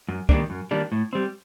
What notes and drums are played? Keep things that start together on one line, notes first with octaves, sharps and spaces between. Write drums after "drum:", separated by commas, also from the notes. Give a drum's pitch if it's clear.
F#2
D#3 G3 A#3 D4, drum: kick
F#2
D#3 G3 A#3 D4
A2
G3 C4